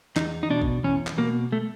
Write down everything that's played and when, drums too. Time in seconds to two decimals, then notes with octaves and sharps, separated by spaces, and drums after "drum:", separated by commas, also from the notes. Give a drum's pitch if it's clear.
0.16 E2 D#4, drum: clap
0.43 D#4
0.50 B2 D4
0.61 drum: kick A1
0.84 E2 C#4
1.07 drum: clap
1.18 B2 A#3
1.52 A3